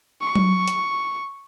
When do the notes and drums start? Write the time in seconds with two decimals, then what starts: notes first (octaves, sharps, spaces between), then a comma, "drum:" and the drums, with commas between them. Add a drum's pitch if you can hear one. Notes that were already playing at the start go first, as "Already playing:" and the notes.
0.21 C#6
0.35 drum: tom F#3
0.68 drum: hi-hat